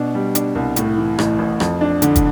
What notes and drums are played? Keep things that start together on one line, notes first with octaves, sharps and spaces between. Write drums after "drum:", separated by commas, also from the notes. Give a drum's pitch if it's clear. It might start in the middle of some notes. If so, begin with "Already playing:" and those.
Already playing: B2 D4
G3
D4, drum: hi-hat
C2
A2, drum: hi-hat
E3
A1, drum: rim click
A1
F2, drum: rim click
D4
D3, drum: hi-hat
drum: kick, hi-hat